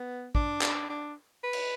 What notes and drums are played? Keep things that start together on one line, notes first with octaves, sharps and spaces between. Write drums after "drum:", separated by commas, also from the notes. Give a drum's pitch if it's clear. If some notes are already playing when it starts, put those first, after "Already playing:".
Already playing: B3
D4, drum: kick
D4, drum: clap
D4
B4
drum: cymbal